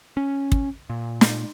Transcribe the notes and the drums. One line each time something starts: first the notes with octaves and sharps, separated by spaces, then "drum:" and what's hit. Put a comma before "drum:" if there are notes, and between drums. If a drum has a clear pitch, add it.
C#4
drum: kick
A#2
drum: snare